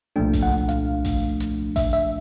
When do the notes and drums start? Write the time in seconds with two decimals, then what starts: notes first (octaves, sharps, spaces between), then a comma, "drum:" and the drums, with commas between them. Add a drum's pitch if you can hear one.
0.16 C2 A#2 F3 A3 D4 G5
0.33 drum: kick A1, open hi-hat
0.43 F#5
0.68 F5, drum: hi-hat
1.05 drum: kick A1, open hi-hat
1.40 drum: hi-hat
1.76 E5, drum: kick A1, open hi-hat
1.93 E5